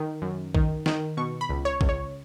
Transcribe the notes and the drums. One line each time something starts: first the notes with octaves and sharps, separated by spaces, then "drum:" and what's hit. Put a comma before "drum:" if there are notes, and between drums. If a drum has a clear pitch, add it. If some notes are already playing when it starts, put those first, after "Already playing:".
Already playing: D#3
F#2
D#3, drum: kick A#1
D#3, drum: snare
B2 C#6
B5
C#2
C#5
C#2, drum: kick A#1
C#5